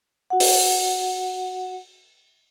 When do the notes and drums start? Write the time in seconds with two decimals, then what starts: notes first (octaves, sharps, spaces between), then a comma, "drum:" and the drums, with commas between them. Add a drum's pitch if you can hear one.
0.30 F#4 F#5
0.40 drum: open hi-hat